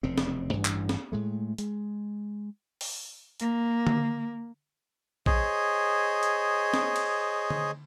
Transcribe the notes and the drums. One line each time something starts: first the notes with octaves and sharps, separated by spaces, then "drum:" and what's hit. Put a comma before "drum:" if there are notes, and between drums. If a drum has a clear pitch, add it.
F1 E2 C#3 C4
drum: snare
A1 G2 E3 D4
drum: clap
drum: snare
A2 G#3 A3
G#3, drum: hi-hat
drum: open hi-hat
A#3, drum: hi-hat
drum: tom D3
G#4 C5 C#5 D#5, drum: kick
drum: hi-hat
drum: snare
drum: cymbal
drum: tom D3